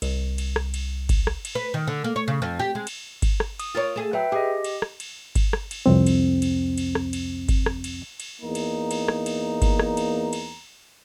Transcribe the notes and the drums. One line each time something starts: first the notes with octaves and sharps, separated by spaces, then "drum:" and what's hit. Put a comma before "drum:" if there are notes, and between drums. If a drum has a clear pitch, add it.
C2, drum: cymbal
drum: cymbal
drum: rim click
drum: cymbal
drum: kick G1, cymbal
drum: rim click
drum: cymbal
B4
D#3
D3
A#3
C#5
C#3
F2
G4
G#3
drum: cymbal
drum: kick G1, cymbal
drum: rim click
D#6, drum: cymbal
F4 A#4 C#5
A3 G#4
F#3 B4 E5 G5
G4 G#4 D#5
drum: cymbal
drum: rim click
drum: cymbal
drum: kick G1, cymbal
drum: rim click
drum: cymbal
C2 F2 C4
drum: cymbal
drum: cymbal
drum: cymbal
drum: rim click
drum: cymbal
drum: kick G1, cymbal
drum: rim click
drum: cymbal
drum: cymbal
E2 A#3 D#4 A#5
drum: cymbal
drum: cymbal
drum: rim click
drum: cymbal
drum: kick G1, cymbal
drum: rim click
drum: cymbal
drum: cymbal